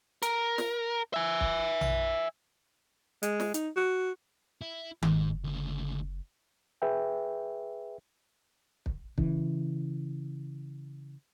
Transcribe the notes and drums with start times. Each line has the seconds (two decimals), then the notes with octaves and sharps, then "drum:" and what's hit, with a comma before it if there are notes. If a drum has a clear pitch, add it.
0.22 A#4, drum: hi-hat
0.58 drum: snare
1.14 E5 G#5
1.41 drum: kick
1.81 drum: tom A#1
3.23 G#3, drum: hi-hat
3.40 drum: snare
3.54 D#4, drum: hi-hat
3.76 F#4
4.61 E4
5.02 F#1 G#2, drum: tom D#3
5.44 D2 C#3
6.82 G#4 B4 E5 G5
8.86 drum: kick
9.18 C#3 E3, drum: kick